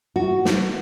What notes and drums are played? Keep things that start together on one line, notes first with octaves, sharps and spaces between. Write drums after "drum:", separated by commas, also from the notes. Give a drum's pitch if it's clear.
F#4
drum: snare